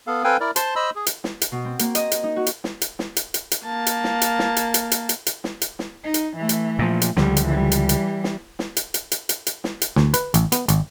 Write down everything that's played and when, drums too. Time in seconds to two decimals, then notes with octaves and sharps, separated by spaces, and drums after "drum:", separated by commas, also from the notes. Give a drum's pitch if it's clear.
0.07 B3 A4 F5
0.24 C4 A4 B4 F5 G5 G#5
0.40 E4 A#4 D5
0.56 C5 A5 C6, drum: hi-hat
0.76 C5 D#5 B5 E6
0.96 G#4
1.06 drum: hi-hat
1.24 drum: snare
1.41 drum: hi-hat
1.52 B2
1.65 C4
1.79 A#3, drum: hi-hat
1.95 D#5, drum: hi-hat
2.11 drum: hi-hat
2.23 D#4
2.36 F#4
2.46 drum: hi-hat
2.64 drum: snare
2.81 drum: hi-hat
2.99 drum: snare
3.16 drum: hi-hat
3.34 drum: hi-hat
3.51 drum: hi-hat
3.65 A#3 A5
3.86 drum: hi-hat
4.04 drum: snare
4.21 drum: hi-hat
4.39 drum: snare
4.57 drum: hi-hat
4.74 drum: hi-hat
4.92 drum: hi-hat
5.09 drum: hi-hat
5.27 drum: hi-hat
5.44 drum: snare
5.62 drum: hi-hat
5.79 drum: snare
6.04 D#4
6.14 drum: hi-hat
6.36 E3 A3
6.49 drum: hi-hat
6.79 A#2 F3
7.02 drum: hi-hat
7.17 C#2 D3 F3 G3, drum: snare
7.37 drum: hi-hat
7.46 E3 G3
7.72 drum: hi-hat
7.89 drum: hi-hat
8.24 drum: snare
8.59 drum: snare
8.77 drum: hi-hat
8.94 drum: hi-hat
9.12 drum: hi-hat
9.29 drum: hi-hat
9.47 drum: hi-hat
9.64 drum: snare
9.82 drum: hi-hat
9.96 D2, drum: snare
10.14 B4, drum: hi-hat
10.34 A1, drum: hi-hat
10.52 B3, drum: hi-hat
10.68 G#1, drum: hi-hat